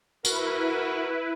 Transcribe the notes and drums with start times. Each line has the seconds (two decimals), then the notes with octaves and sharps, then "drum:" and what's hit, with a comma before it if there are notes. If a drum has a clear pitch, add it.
0.25 E4 F#4 A#4 B4, drum: tambourine